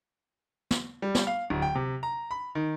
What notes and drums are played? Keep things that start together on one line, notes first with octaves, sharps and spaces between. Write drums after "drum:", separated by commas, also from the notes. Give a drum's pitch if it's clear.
drum: snare
G3
drum: snare
F5
D1
G5
C3
A#5
B5
D#3